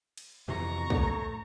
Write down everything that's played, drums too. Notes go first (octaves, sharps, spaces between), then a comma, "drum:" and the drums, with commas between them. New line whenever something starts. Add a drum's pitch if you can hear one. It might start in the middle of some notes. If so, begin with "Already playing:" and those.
drum: cymbal
F2 C3 E3 A#5 C#6
A2, drum: kick B1